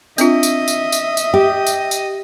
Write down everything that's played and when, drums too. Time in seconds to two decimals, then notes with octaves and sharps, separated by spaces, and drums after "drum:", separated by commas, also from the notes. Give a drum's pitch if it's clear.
0.18 C4 D4 F4 D#5 E5, drum: tambourine
0.43 drum: tambourine
0.68 drum: tambourine
0.92 drum: tambourine
1.17 drum: tambourine
1.34 G4
1.67 drum: tambourine
1.91 drum: tambourine